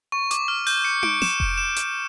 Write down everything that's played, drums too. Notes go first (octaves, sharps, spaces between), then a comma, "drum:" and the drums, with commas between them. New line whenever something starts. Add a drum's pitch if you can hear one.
C#6
D6, drum: hi-hat
F6
G6, drum: open hi-hat
C#7
D7, drum: tom D#4
E7, drum: snare
drum: kick F1
E7
drum: hi-hat